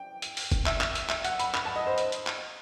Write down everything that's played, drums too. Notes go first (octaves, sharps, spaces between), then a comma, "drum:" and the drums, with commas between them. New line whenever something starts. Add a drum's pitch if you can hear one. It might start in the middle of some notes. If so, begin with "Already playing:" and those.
Already playing: G5
drum: hi-hat
drum: open hi-hat
drum: kick, hi-hat
E5, drum: clap
drum: clap
drum: hi-hat
E5, drum: clap
F#5, drum: hi-hat
B5, drum: hi-hat
B5, drum: clap
A5
D#5
C5
drum: hi-hat
drum: hi-hat
drum: clap